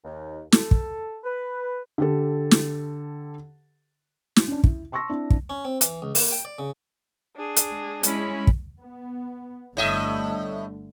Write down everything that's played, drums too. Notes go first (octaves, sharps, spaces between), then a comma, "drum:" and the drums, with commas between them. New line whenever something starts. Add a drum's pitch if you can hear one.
D#2
A4, drum: snare
drum: kick
B4
D3 G4 A4
drum: snare
drum: snare
C#4 D4
E4, drum: kick
A5 C6 C#6 E6 A#6
C4 D4 E4
drum: kick
C#4
C4
E3, drum: hi-hat
C#2
A#3, drum: open hi-hat
G5
D5
C#3
D4 G#4
drum: hi-hat
G#3
G#3 C#4 E4 B5, drum: hi-hat
drum: kick
B3
G1 A2 D3 A3 D#5 E5